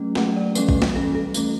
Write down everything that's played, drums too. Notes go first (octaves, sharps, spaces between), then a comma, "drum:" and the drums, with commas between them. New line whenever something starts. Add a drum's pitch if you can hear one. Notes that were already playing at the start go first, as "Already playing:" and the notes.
Already playing: F#3 A3 C#4
F#3 A3 C#4 F#5, drum: snare
D5
E3 G3 C#4 B4, drum: tambourine
drum: kick
drum: snare
E3 G3 C#4 A4
A4
E3 A3 C#4, drum: tambourine